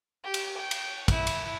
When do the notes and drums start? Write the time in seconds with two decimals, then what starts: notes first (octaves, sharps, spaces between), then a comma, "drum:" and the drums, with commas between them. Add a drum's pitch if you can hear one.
0.24 G4
0.34 drum: cymbal
0.58 G5
0.71 drum: cymbal
1.08 E4, drum: kick, cymbal
1.27 drum: cymbal